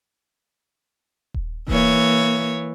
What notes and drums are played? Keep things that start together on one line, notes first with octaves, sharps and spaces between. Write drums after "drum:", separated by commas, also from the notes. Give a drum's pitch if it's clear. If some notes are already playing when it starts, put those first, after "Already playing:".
drum: kick D#1
E3 A#3 C#5, drum: kick D#1